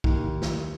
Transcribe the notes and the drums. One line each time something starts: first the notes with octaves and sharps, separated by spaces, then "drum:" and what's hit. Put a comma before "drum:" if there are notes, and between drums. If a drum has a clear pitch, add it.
D#2, drum: kick
drum: snare